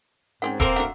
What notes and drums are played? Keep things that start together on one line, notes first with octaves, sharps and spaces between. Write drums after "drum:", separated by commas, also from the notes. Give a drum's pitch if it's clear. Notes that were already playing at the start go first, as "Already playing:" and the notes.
G#2 D#3 C4 C#4 F#5
A#3 C4 A4 A#4 C5 C6 E6, drum: kick D#1
A3 D4 F#4 F#5